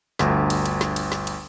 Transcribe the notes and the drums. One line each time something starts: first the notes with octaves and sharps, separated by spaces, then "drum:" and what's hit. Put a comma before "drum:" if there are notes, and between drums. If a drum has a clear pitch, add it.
G1 D2, drum: snare
drum: cymbal
drum: cymbal
drum: snare
drum: cymbal
drum: snare
drum: cymbal